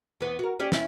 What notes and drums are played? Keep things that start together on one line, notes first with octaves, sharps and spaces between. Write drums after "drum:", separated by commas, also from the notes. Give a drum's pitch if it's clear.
E2 B3
F#4 A#4
C#4 G4 D5
E2 C#4 E4, drum: snare